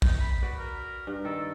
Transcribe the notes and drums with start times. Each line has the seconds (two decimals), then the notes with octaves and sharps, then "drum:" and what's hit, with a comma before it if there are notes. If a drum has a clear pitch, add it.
0.02 D#4, drum: kick
0.20 B5
0.42 F#4 B4 D5
0.59 A#4
1.07 G2
1.25 D#3 A4